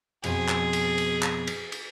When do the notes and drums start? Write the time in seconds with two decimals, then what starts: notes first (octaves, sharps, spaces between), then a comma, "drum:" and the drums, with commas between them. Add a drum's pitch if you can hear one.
0.24 F2 B2 F3 G#4, drum: cymbal
0.48 drum: clap
0.73 drum: cymbal
0.98 drum: cymbal
1.23 drum: clap
1.47 drum: cymbal
1.72 drum: cymbal